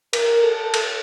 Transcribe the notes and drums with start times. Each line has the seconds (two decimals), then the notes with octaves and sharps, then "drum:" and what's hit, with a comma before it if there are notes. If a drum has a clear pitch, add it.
0.13 A#4, drum: cymbal
0.44 A4
0.74 drum: cymbal